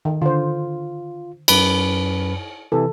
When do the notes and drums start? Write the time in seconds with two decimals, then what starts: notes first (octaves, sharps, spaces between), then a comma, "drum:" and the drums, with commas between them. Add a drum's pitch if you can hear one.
0.05 D#3
0.22 D3 F4 C5
1.48 F#2 B4 B5, drum: cymbal
2.72 C3 E3 A4